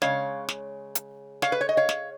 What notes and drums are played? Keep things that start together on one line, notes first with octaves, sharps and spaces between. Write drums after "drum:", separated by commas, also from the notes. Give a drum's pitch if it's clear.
C#3 G#3 C#5 F5, drum: snare
drum: snare
drum: hi-hat
C#5 F5, drum: snare
B4
C#5
D#5
C#5 F5
drum: snare